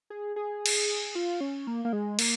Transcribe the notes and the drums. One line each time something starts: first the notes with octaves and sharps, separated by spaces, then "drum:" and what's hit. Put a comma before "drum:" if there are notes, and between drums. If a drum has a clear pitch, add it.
G#4
G#4
drum: cymbal
F4
C#4
A#3
A#3
G#3
A#3, drum: cymbal